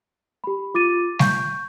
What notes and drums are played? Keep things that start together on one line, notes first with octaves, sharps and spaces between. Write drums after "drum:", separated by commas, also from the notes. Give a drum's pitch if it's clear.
G4 B5
F4 D6 A6 D#7
C#6 G6, drum: snare G3